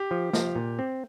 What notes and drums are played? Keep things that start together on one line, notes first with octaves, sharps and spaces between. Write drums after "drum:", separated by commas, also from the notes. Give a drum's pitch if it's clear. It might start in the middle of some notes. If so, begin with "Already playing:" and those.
Already playing: G4
F3
F3, drum: snare
A#2
C4